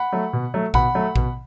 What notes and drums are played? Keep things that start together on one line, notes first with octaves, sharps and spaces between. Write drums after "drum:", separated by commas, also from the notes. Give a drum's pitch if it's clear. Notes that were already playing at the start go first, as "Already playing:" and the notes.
Already playing: F#5 B5
F#3 A3
B2
F#3 A3
B2 F#5 B5, drum: kick A#1
F#3 A3
B2, drum: kick A#1